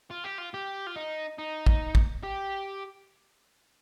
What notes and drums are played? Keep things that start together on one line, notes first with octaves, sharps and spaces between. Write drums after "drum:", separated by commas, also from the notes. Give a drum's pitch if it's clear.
F4
G4
F4
G4
F4
D#4
D#4
drum: kick
drum: kick
G4